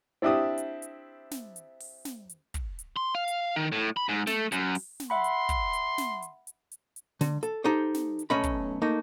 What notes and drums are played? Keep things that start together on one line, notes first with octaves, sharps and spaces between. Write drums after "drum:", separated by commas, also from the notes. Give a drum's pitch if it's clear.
C4 D4 E4 G4 D#6
drum: hi-hat
drum: hi-hat
drum: snare
drum: hi-hat
drum: open hi-hat
drum: snare
drum: hi-hat
drum: kick, hi-hat
drum: hi-hat
C6
F5
drum: hi-hat
D#3
A2
B5
G#2
A3, drum: snare
F#2, drum: hi-hat
drum: open hi-hat
drum: snare
E5 F#5 B5 C6
drum: hi-hat
drum: kick, hi-hat
drum: hi-hat
drum: snare
drum: hi-hat
drum: hi-hat
drum: hi-hat
drum: hi-hat
D3, drum: snare
A4, drum: hi-hat
D#4 G4 A4 C5
drum: snare
drum: hi-hat
B1 A3 C#4 D#5 B5
drum: kick, hi-hat
A3 A#3 D#4